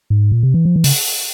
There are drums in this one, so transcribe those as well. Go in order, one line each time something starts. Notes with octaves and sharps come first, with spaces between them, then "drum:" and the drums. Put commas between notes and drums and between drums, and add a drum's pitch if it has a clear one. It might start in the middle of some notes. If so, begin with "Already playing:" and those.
G#2
A#2
C3
E3
F3
E3
C#3, drum: open hi-hat